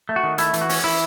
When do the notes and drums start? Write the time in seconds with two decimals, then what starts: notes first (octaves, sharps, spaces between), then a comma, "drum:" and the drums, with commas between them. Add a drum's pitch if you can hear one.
0.09 A3
0.16 F#4
0.23 D#3
0.38 A3 E4, drum: hi-hat
0.53 E3, drum: hi-hat
0.61 F#4
0.69 C#4, drum: open hi-hat
0.84 E3 E4